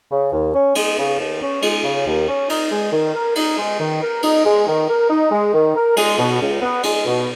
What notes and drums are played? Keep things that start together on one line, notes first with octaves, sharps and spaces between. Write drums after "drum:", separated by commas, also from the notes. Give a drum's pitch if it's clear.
C#3
D#2
C#4
G#3, drum: cymbal
C#3
D#2
C#4
G#3, drum: cymbal
C#3
D#2
C#4
D#4, drum: cymbal
G#3
D#3
A#4
D#4, drum: cymbal
G#3
D#3
A#4
D#4, drum: cymbal
G#3
D#3
A#4
D#4
G#3
D#3
A#4
G#3, drum: cymbal
B2
C#2
B3
G#3, drum: cymbal
B2